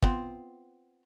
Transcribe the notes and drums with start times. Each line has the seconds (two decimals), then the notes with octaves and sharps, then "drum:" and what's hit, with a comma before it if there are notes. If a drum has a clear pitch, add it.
0.02 B3 C4 F4, drum: kick